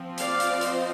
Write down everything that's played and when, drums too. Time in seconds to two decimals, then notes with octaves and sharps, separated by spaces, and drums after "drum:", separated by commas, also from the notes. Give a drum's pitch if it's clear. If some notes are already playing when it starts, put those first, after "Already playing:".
Already playing: F3 C4
0.18 D5 F5, drum: hi-hat
0.40 drum: hi-hat
0.61 C5 D#5, drum: hi-hat